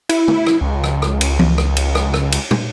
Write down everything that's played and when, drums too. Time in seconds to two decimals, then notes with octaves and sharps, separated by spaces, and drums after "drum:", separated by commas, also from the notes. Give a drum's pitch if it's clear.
0.09 E4, drum: cymbal
0.28 drum: tom
0.46 drum: rim click
0.61 C#2
0.84 drum: rim click
1.02 drum: rim click
1.21 drum: cymbal
1.39 drum: tom E3
1.58 drum: rim click
1.77 drum: cymbal
1.95 drum: rim click
2.14 drum: rim click
2.32 drum: cymbal
2.51 drum: tom